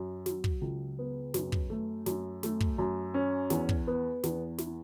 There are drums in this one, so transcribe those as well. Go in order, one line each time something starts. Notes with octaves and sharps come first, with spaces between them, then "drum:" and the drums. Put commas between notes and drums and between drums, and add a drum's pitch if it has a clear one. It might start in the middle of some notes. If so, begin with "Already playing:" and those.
Already playing: F#2
F#3, drum: snare
drum: kick
C#2
B3
F#2, drum: snare
drum: kick
A3
F#2, drum: snare
A3, drum: snare
drum: kick
F#2
C#4
E2, drum: snare
drum: kick
B3
E2, drum: snare
E4, drum: snare